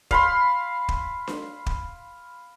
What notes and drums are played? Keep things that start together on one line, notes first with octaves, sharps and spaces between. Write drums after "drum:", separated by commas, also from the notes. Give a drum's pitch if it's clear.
F5 B5 C6, drum: kick
drum: kick
drum: snare D4
drum: kick